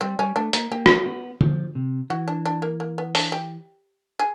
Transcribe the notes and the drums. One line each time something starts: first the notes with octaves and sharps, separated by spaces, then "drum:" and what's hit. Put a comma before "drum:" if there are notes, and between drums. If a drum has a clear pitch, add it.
G3 C4
G3 C#4
A3 D4
A#3 D#4, drum: hi-hat
A#3 G4
drum: rim click
B3
F3, drum: tom
C3
E3 F#4
D4
D4
A#3
A#3
B3
D4, drum: open hi-hat
G4
G#4